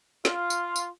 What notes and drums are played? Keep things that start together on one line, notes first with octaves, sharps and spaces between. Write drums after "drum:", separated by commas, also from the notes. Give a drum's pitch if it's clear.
F4, drum: snare
drum: tambourine
drum: tambourine